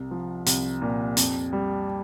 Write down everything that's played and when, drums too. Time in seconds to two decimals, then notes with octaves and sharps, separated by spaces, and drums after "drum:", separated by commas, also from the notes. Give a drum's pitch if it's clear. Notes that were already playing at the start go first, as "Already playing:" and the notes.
Already playing: C2
0.11 F3
0.46 C2, drum: hi-hat
0.82 A#2
1.17 F2, drum: hi-hat
1.53 G3